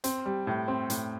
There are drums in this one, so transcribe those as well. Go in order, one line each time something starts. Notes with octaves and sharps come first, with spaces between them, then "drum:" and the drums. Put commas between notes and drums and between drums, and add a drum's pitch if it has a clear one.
C4, drum: hi-hat
G3
A2
C4
A2, drum: hi-hat